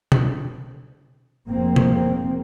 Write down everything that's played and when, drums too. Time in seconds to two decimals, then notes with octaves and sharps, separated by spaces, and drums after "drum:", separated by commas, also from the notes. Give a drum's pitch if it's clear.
0.12 drum: tom B2
1.49 F1 F3 G#3 A#3 C4
1.76 drum: tom B2